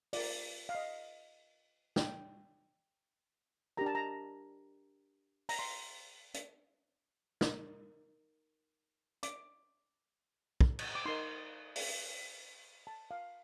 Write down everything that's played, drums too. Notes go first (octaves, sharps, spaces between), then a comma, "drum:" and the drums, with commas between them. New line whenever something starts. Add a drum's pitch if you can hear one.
F4 A#4 D5, drum: open hi-hat
F5
D#5
G5, drum: snare
D4 G4 A#4 A#5
A5
A#5
A#5, drum: open hi-hat
C6
drum: hi-hat
D#4 A#4, drum: snare
D6, drum: hi-hat
drum: kick
drum: cymbal
D6
D#4 A#4 C6
drum: open hi-hat
A5
F5